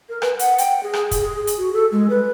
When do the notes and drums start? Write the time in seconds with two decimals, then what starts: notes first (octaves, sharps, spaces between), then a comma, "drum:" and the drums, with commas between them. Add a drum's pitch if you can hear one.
0.09 A#4
0.22 B4, drum: rim click
0.39 F#5, drum: hi-hat
0.58 G5, drum: hi-hat
0.83 G#4
0.93 drum: rim click
1.11 drum: kick, hi-hat
1.21 G#4
1.47 drum: hi-hat
1.58 F#4
1.74 A4
1.92 G#3
2.10 B4